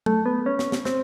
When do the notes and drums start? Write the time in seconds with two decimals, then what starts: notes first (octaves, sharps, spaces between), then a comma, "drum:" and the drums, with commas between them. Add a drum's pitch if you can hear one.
0.06 A3, drum: tom F#3
0.26 B3
0.46 C#4
0.59 drum: snare
0.72 drum: snare
0.85 C4, drum: snare